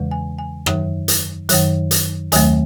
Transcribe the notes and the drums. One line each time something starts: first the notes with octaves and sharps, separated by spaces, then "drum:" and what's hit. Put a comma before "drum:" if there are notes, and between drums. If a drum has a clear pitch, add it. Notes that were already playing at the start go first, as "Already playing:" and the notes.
Already playing: E2 C#3 E3 G#3
G#5
G#5
F#2 D#3 F#3, drum: rim click
drum: hi-hat
F#2 D#3 F#3, drum: hi-hat
drum: hi-hat
D#2 D#3 F#3 A3 G#5, drum: hi-hat